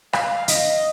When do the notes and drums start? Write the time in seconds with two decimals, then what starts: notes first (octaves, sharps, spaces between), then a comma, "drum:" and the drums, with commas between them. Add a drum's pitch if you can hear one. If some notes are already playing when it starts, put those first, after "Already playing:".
0.13 F5, drum: rim click
0.48 D#5, drum: hi-hat